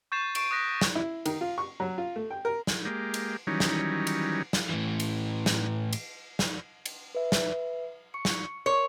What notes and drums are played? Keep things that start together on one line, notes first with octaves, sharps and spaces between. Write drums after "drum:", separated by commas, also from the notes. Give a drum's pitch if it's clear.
C#6 G6 A6 C7 E7
C#6 D7 E7, drum: cymbal
D#6 F#6 A#6 B6
drum: snare
E4
D#3, drum: cymbal
F4
C#6
F#3
F4
A3
G5
A#4
drum: snare
G#3 A#3 G4
drum: cymbal
D#3 E3 F#3 G3 C#4 D#4
drum: snare
drum: cymbal
drum: snare
A2 E3
drum: cymbal
drum: snare
drum: cymbal
drum: snare
drum: cymbal
B4 E5
drum: snare
C#6 C#7
drum: snare
A#4 C#5 C6